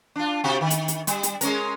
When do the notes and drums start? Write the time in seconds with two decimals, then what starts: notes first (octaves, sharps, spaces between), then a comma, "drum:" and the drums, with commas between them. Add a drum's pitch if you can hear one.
0.16 D4 F4
0.44 C3 F#4 G4
0.61 D#3
0.70 drum: hi-hat
0.88 drum: hi-hat
1.07 G3, drum: hi-hat
1.23 drum: hi-hat
1.41 G#3 C#4 A#4, drum: hi-hat